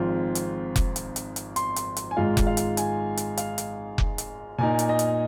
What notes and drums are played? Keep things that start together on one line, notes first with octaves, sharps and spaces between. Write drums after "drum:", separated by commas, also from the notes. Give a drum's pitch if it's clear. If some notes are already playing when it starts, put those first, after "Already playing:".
Already playing: G#1 G#2 F3 C4 F4
drum: hi-hat
drum: kick F1, hi-hat
drum: hi-hat
drum: hi-hat
drum: hi-hat
C6, drum: hi-hat
drum: hi-hat
drum: hi-hat
G#5
G#1 G#2 G#3 F4 F5
drum: kick F1, hi-hat
F5
drum: hi-hat
G#5, drum: hi-hat
drum: hi-hat
F5, drum: hi-hat
drum: hi-hat
drum: kick F1
drum: hi-hat
A#2 A#3 D#4 G#5
drum: hi-hat
D#5
drum: hi-hat